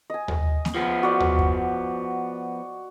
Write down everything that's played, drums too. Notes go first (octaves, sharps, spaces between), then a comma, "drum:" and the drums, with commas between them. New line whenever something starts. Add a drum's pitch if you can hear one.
D#5 G#5
drum: tom D#2
drum: snare A#3
F3 B3
F#4 D5
drum: tom D#2
drum: kick F#2